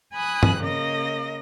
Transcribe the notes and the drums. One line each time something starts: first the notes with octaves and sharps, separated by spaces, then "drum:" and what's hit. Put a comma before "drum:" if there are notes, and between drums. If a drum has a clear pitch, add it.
G#5 B5 D#6 F#6
drum: tom G2
C#3 A#3 D#5 A#6